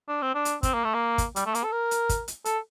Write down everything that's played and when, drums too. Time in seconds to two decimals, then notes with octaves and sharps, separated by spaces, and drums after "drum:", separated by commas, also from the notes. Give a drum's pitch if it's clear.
0.08 D4
0.22 C4
0.35 D4
0.45 drum: hi-hat
0.63 C4, drum: kick, hi-hat
0.74 A#3
0.84 A3
0.94 A#3
1.18 drum: kick, hi-hat
1.36 G3, drum: hi-hat
1.46 A3
1.55 A#3, drum: hi-hat
1.64 A4
1.72 A#4
1.91 drum: hi-hat
2.09 drum: kick, hi-hat
2.28 drum: hi-hat
2.45 A4, drum: hi-hat